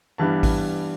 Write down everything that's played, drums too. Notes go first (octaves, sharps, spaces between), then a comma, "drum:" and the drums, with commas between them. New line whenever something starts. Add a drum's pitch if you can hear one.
G2 E3 G3 B3 D4 A5
drum: kick A1, open hi-hat